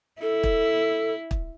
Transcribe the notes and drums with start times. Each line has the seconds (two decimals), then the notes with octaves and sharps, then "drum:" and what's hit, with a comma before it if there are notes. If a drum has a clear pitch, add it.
0.22 E4 A4
0.44 drum: kick
1.31 drum: kick